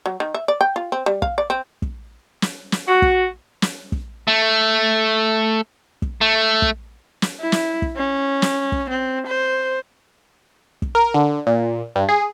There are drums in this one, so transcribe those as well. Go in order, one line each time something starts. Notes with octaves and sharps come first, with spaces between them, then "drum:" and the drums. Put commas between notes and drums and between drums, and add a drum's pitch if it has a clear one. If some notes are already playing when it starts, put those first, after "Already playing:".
F#3
D#3
E5
D5
G5
F4
C4
G3
F5, drum: kick
D5
C4
drum: kick
drum: snare
drum: snare
F#4
drum: kick
drum: snare
drum: kick
A3
drum: kick
A3
drum: kick
drum: snare
E4
drum: snare
drum: kick
C#4
drum: snare
drum: kick
C4
C5
drum: kick
A#4
D3
A#2
G2
G#4